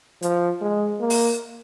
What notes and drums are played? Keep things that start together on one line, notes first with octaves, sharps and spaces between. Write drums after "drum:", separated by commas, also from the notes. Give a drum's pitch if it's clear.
F3, drum: hi-hat
G#3
A#3
drum: open hi-hat